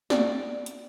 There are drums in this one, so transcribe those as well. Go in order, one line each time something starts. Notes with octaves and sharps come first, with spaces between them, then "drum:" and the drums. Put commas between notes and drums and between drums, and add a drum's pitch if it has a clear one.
D5, drum: snare
drum: hi-hat